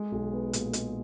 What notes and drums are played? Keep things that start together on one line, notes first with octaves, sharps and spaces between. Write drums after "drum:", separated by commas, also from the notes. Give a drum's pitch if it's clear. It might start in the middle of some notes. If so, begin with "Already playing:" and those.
Already playing: G#3
B1
B3
A#2, drum: hi-hat
G#3, drum: hi-hat